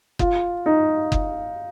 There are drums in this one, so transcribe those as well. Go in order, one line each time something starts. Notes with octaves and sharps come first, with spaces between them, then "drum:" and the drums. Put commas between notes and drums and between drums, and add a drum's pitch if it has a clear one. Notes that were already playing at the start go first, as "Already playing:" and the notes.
F4, drum: kick F#1
D#4
drum: kick F#1